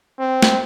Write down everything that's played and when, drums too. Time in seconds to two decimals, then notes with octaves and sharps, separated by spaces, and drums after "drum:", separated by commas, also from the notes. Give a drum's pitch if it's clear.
0.19 C4
0.42 drum: snare